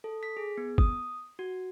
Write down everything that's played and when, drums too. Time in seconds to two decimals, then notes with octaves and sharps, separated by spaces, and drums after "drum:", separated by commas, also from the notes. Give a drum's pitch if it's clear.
0.04 A4
0.23 B6
0.37 G#4
0.57 B3
0.78 D#6, drum: kick
1.39 F#4